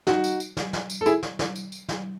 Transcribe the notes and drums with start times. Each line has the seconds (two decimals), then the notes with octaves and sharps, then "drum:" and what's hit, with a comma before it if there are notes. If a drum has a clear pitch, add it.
0.07 D#4 F#4, drum: snare
0.24 drum: tambourine
0.40 drum: tambourine
0.57 drum: snare
0.73 drum: snare
0.90 drum: tambourine
1.01 A4
1.06 E4 G#4, drum: tambourine
1.23 drum: snare
1.39 drum: snare
1.56 drum: tambourine
1.72 drum: tambourine
1.89 drum: snare